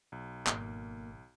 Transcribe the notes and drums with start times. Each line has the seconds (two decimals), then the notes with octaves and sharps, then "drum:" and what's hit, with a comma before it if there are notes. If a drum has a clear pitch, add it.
0.12 B1
0.47 G#1 A#3, drum: clap